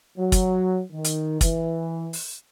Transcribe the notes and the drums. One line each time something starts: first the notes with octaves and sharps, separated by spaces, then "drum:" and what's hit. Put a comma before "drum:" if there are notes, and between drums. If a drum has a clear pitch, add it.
F#3
drum: kick, hi-hat
D#3
drum: hi-hat
E3, drum: kick, hi-hat
drum: open hi-hat